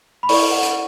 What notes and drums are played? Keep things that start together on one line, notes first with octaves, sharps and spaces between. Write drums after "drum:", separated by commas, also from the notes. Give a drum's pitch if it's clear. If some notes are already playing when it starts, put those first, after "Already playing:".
B5
E4 A4 D5 C#6, drum: open hi-hat
F#5
drum: hi-hat